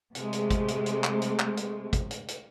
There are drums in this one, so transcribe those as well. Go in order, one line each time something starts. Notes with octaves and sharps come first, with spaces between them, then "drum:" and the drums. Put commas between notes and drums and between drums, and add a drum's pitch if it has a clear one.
C3 G#3 A3, drum: hi-hat
drum: hi-hat
drum: kick, hi-hat
drum: hi-hat
drum: hi-hat
drum: clap
drum: hi-hat
drum: clap
drum: hi-hat
drum: kick, hi-hat
drum: hi-hat
drum: hi-hat